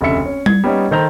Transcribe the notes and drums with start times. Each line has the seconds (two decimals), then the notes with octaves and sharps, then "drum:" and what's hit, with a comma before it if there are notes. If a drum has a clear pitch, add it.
0.01 F1 D2 C#3 A4 E5 C#7
0.26 C#4
0.46 G#6, drum: tom G3
0.64 G3 B3 C#4 D#4
0.91 D#3 A4 C5 A#5 G6 F7